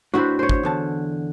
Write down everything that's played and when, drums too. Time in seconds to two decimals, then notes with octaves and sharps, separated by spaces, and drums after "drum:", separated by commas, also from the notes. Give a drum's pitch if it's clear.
0.14 A2 D4 E4 F#4 B4 C5
0.39 C5 C#5
0.49 drum: kick
0.63 E2 D3 A5